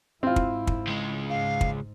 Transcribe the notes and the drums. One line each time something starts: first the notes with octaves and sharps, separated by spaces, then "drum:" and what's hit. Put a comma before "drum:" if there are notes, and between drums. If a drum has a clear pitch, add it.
G#2 C4 E4 F4
drum: kick
drum: kick
C#2 G#3
G#2 F5
drum: kick